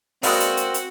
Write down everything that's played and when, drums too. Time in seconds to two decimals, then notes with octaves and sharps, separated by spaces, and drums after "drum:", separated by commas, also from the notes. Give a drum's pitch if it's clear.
0.23 G#3 C4 F#4 A#4 B4 D5 F5 F#5, drum: open hi-hat
0.40 drum: hi-hat
0.57 drum: hi-hat
0.74 drum: hi-hat